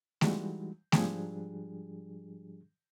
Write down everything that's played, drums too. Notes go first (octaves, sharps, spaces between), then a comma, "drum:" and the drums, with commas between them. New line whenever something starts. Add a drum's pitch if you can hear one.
E3 G3 G#3 D#4 F#4, drum: snare A3
G#2 F3 G3 D4 G4 G#4, drum: snare A3